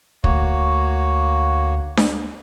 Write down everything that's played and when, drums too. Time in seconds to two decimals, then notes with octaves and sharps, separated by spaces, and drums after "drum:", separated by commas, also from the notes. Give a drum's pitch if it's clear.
0.24 D2 A#3 F#4 C#5, drum: kick
1.97 drum: snare D4